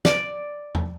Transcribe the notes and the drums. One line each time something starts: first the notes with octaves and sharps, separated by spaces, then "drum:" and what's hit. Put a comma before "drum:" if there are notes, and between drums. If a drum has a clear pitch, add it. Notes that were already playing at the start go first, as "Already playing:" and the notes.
D5, drum: snare
drum: tom E2